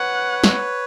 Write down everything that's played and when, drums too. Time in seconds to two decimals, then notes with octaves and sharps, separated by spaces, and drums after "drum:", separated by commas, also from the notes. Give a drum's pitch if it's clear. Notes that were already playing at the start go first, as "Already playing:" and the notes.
Already playing: B4 C#5 F#5
0.44 drum: snare